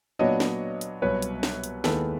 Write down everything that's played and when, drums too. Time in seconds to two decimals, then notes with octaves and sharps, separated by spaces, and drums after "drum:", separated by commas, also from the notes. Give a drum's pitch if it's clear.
0.19 A#2 F#3 B3 D4 C#5 D#5
0.40 drum: snare
0.81 drum: hi-hat
1.02 C2 B2 F#3 B3 B4 C#5
1.22 drum: hi-hat
1.43 drum: snare
1.64 drum: hi-hat
1.84 D#2 D#3 G#3 B3 E4 A4 B4, drum: snare